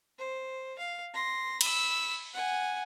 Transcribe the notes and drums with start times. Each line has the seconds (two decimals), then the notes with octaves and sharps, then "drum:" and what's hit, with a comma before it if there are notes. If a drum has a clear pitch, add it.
0.18 C5
0.78 F5
1.14 C6 A#6
1.61 B5 E6, drum: cymbal
2.33 F#5 G#5